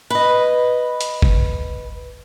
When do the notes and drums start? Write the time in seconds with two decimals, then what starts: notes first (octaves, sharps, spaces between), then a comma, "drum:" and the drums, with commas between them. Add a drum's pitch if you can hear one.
0.10 B4 D#5
1.01 drum: hi-hat
1.22 drum: kick G1